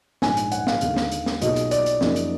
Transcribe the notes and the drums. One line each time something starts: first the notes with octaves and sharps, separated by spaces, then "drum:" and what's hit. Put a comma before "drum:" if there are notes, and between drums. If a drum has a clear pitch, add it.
A#1 G#2 F3 G#3 G#5, drum: snare
drum: hi-hat
F#5, drum: hi-hat
F5, drum: snare
D#2 D3 G#3 B3, drum: hi-hat
drum: snare
drum: hi-hat
drum: snare
B1 B2 A#3 F4 G#4 D#5, drum: hi-hat
drum: hi-hat
D5, drum: hi-hat
drum: hi-hat
F#2 F3 A#3 D#4 G#4, drum: snare
drum: hi-hat